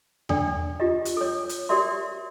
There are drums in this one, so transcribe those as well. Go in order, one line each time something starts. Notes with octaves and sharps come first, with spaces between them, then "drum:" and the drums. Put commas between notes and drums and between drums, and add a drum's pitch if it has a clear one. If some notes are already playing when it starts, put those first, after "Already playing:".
D4 A4 D5 G5, drum: tom E2
F4 G4 D#5
drum: hi-hat
A4 C#5
drum: hi-hat
F#4 G4 A#4 D5 E5 C6